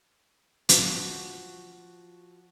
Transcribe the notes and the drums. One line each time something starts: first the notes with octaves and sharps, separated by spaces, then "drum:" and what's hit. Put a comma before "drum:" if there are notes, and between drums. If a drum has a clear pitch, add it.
F3 F#4, drum: hi-hat